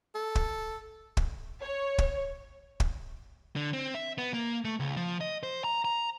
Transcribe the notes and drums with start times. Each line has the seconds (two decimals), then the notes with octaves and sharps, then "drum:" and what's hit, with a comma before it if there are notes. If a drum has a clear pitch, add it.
0.15 A4
0.35 drum: kick
1.17 drum: kick
1.64 C#5
1.98 drum: kick
2.80 drum: kick
3.56 D3
3.73 C4
3.95 E5
4.18 B3
4.34 A#3
4.65 A3
4.80 C#2
4.97 F3
5.21 D#5
5.43 C5
5.64 A#5
5.85 A#5